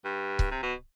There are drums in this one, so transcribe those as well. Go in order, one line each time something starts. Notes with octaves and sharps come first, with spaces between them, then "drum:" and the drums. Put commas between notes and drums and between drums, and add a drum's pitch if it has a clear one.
G2
drum: kick C#1
C3
B2